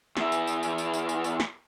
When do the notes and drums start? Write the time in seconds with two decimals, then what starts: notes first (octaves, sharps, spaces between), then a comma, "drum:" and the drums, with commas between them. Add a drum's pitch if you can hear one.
0.17 E2 E4, drum: snare
0.32 drum: tambourine
0.47 drum: tambourine
0.63 drum: tambourine
0.78 drum: tambourine
0.94 drum: tambourine
1.09 drum: tambourine
1.24 drum: tambourine
1.40 drum: snare